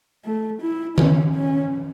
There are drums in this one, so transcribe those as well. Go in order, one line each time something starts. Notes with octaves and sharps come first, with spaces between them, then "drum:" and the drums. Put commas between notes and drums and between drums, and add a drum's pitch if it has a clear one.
A3
E4
C#4, drum: tom D#3
C#4